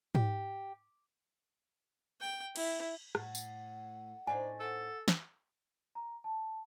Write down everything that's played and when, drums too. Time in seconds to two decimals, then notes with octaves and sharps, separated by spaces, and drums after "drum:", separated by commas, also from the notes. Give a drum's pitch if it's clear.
0.15 G4, drum: tom G#2
2.21 G5
2.56 E4, drum: cymbal
3.15 A2 F#5, drum: rim click
3.35 drum: tambourine
4.27 A2 C4 D4 D#4 G#5
4.60 A4 F#5
5.08 drum: snare
5.95 A#5
6.24 A5